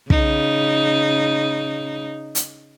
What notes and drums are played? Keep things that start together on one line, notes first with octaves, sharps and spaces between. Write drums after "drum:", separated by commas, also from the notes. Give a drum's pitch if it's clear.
C#3 D#4, drum: kick
drum: hi-hat